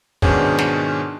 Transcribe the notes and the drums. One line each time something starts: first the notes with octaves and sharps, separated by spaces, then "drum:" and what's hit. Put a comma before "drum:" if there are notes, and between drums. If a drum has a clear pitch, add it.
G#2 B2 D#3 C#4 D4 G#4, drum: kick
drum: snare